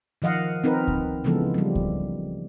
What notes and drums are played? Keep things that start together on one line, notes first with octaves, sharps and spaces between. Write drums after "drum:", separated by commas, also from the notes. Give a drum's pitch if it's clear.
D#3 F3 D#5 F5 F#5
C4 D#4 A#4 B4
drum: kick C#2
C#3 E3 F3 G#3 B3 A4
F3 G3
drum: kick C#2